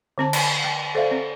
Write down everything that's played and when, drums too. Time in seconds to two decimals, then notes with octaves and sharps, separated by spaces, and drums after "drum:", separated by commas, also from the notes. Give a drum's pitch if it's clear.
0.18 D3 C4 A5
0.33 drum: cymbal
0.64 G5
0.95 A4 C5 D5 E5 F5
1.11 C4